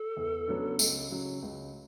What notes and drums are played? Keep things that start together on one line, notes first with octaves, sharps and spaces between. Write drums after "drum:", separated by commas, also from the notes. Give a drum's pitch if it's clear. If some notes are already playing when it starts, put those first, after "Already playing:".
Already playing: A4
E2
C#3 F#3 B3 D4
C#2, drum: tambourine
C#3 F#3
C#2